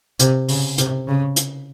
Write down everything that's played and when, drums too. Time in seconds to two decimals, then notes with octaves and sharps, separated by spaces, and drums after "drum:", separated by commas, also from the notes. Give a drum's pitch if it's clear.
0.19 C3, drum: hi-hat
0.49 C#3, drum: open hi-hat
0.78 C3, drum: hi-hat
1.08 C#3
1.36 drum: hi-hat